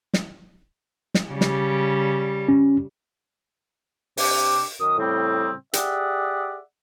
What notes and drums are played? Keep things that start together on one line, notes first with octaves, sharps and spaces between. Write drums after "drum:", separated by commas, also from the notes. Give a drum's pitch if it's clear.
drum: snare
drum: snare
C#3 G3
drum: snare
C#4
C3 D4 G4 D6, drum: open hi-hat
F#2 D#3 D#6
A2 C#3 G3 C4
G4 G#4 D5 E5 F#5, drum: hi-hat